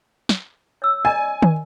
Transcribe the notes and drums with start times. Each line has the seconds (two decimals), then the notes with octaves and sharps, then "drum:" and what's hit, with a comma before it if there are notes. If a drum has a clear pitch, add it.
0.29 drum: snare
0.82 C#5 E6
1.05 D5 D#5 G#5 A#5
1.42 drum: tom